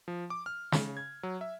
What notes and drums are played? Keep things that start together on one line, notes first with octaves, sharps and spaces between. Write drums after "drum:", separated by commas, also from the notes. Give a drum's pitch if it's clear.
F3
D6
F6
C#3, drum: snare
G#6
F#3
E5